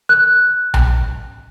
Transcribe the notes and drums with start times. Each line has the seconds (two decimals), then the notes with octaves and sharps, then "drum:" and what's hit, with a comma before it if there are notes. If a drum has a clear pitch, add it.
0.09 F#6
0.74 drum: tom B1